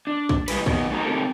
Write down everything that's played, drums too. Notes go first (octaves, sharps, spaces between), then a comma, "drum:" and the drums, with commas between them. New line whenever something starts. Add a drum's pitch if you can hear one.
D4
drum: kick
G3 G#3 E4 B4, drum: cymbal
B2 D#3 B3, drum: kick
A3 D#4 F#4 A#4 C5 A#5
C4 D#4 F4 G4 A4 A#4